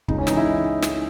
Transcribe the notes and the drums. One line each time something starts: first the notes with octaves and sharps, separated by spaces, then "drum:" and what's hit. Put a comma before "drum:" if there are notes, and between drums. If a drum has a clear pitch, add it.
C#2 D#4, drum: kick
C#4
E3 D#4, drum: snare
E4
drum: snare